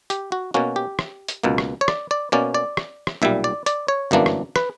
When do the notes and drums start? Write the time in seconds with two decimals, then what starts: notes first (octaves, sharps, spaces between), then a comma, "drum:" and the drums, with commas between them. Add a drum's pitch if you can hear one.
0.10 G4, drum: hi-hat
0.32 F#4
0.54 B2 A#3 C#4 F#4
0.76 G4
0.99 drum: rim click
1.28 drum: hi-hat
1.44 C#2 B2 A#3
1.58 drum: rim click
1.81 C#5
1.88 D5, drum: rim click
2.11 D5
2.32 B2 A#3 C#4 D5
2.54 D5
2.77 drum: rim click
3.07 drum: rim click
3.22 B1 A#2 G3 E5
3.44 D5
3.66 D5, drum: hi-hat
3.88 C#5
4.11 G1 F#2 E3 A#3 D4
4.26 drum: rim click
4.56 B4, drum: rim click